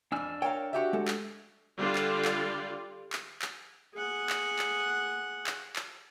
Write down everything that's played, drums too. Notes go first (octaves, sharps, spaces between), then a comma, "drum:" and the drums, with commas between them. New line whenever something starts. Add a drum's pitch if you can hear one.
F2 D4 G#5 E6 F6
A#4 C#5 F5 G5
F#4 G4 E5
G#3 A4
drum: clap
D3 G3 F4 D5
drum: clap
drum: clap
drum: clap
drum: clap
G#4 F#5
drum: clap
drum: clap
drum: clap
drum: clap